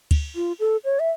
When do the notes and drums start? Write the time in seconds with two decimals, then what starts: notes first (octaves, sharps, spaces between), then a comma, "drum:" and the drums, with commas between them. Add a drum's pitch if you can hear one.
0.11 drum: kick, cymbal
0.35 F4
0.60 A4
0.84 C#5
1.00 E5